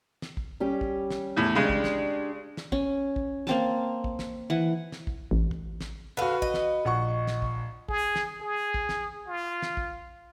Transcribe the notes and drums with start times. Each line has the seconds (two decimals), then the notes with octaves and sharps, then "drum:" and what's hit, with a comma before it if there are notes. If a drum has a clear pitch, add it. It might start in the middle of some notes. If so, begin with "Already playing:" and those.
0.22 drum: snare
0.37 drum: kick
0.60 G3 C#4 G4
0.81 drum: kick
1.11 drum: snare
1.36 E2 A2
1.55 C#3 G#3 D4 G4
1.69 drum: kick
1.84 drum: snare
2.57 drum: snare
2.72 C#4, drum: kick
3.16 drum: kick
3.47 A#3 C4 A5, drum: snare
4.04 drum: kick
4.19 drum: snare
4.50 E3 F#5
4.92 drum: snare
5.07 drum: kick
5.31 A1
5.51 drum: kick
5.81 drum: snare
6.17 D3 F#4 B4 F5
6.42 D#5, drum: kick
6.54 drum: snare
6.85 A#1 F#5 C#6
7.27 drum: snare
7.42 drum: kick
7.89 G#4, drum: kick
8.16 drum: snare
8.41 G#4
8.74 drum: kick
8.89 drum: snare
9.28 F4
9.62 drum: snare
9.77 drum: kick